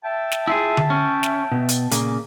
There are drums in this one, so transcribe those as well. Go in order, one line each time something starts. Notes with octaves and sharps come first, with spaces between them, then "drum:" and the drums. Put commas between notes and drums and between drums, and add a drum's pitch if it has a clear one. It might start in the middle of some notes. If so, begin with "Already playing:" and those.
E5 G5 A5
drum: snare
E4 F4 G#4
drum: tom D3
C#4
drum: snare
B2
drum: hi-hat
A#2 C#3 A#3, drum: hi-hat